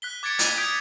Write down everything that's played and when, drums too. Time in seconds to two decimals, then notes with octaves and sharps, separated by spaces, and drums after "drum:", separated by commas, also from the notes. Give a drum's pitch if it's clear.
0.02 F#6 B6 G7
0.23 D6 G#6 A6 B6 C#7 D7
0.39 B6 D#7 F7, drum: hi-hat
0.58 D#6 G6 G#6 B6 D7